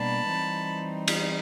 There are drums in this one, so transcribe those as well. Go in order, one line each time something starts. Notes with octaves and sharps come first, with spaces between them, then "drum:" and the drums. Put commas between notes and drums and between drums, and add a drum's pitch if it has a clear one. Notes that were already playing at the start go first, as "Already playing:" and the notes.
Already playing: B2 G3 A#3 D4 A5 B5
E3 G3 C4 D#4
drum: cymbal